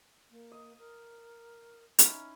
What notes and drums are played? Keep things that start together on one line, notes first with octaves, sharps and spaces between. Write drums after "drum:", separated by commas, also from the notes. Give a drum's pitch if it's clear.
A#3
D#5
A#4
C#4 D#4 E4, drum: hi-hat